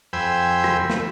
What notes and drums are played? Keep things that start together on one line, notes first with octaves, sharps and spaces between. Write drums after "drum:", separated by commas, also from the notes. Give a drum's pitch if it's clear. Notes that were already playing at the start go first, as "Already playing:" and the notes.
F2 C5 G5 G#5 B5 E6
drum: rim click
drum: snare